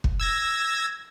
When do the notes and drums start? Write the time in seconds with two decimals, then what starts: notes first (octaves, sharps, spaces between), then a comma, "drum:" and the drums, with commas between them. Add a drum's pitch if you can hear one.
0.04 drum: kick
0.20 E6 G#6 A#6